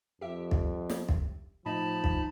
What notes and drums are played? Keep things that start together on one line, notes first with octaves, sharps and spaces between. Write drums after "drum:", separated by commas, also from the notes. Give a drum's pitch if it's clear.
F2 G4 E5
drum: kick
drum: snare
drum: kick
A2 F3 D#4 A5 B5
drum: kick